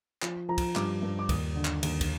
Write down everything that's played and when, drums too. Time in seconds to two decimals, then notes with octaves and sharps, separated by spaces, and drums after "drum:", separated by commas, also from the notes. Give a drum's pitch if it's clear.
0.22 F3, drum: clap
0.49 F3 A#5
0.58 drum: kick, cymbal
0.76 G2 D6, drum: clap
1.02 G2
1.19 D6
1.29 D#2 D#6, drum: kick, cymbal
1.56 D3
1.65 drum: clap
1.83 D#2, drum: cymbal
2.01 drum: kick, cymbal